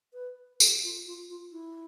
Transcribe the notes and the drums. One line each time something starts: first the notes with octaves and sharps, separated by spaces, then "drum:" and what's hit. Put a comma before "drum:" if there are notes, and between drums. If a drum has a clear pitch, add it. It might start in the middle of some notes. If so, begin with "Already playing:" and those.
B4
A4, drum: tambourine
F4
F4
F4
E4